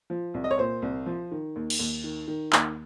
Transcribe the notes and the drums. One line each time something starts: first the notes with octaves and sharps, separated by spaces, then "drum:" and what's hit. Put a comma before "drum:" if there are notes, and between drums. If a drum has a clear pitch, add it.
F3
C2
D#5
C#5
A#2 C5
C2
F3
D#3
D#2
drum: cymbal
D#2
D#3
D#3
D#2, drum: clap